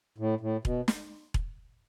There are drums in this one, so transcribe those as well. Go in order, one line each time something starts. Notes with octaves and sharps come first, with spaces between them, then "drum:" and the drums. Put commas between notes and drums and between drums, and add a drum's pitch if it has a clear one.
A2
A2
B2, drum: kick E1
drum: snare
drum: kick E1